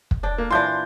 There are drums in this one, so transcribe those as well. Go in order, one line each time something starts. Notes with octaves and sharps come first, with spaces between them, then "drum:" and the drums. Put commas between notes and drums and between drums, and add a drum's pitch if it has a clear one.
drum: kick
D4 G5
A#3
A#2 E3 D4 C6 G6